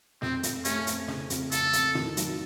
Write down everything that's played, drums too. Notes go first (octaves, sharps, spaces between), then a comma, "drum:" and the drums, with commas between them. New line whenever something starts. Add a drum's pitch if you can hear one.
F2 C4, drum: snare
F2, drum: hi-hat
A3 C#4, drum: hi-hat
C4, drum: hi-hat
C#3, drum: snare
F2, drum: hi-hat
C#3 A4, drum: hi-hat
F2, drum: hi-hat
D#3, drum: snare
F#3, drum: hi-hat